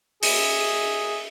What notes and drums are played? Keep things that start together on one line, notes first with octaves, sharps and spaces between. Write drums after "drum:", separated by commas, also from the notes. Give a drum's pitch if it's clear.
G#4 D#5 E5, drum: open hi-hat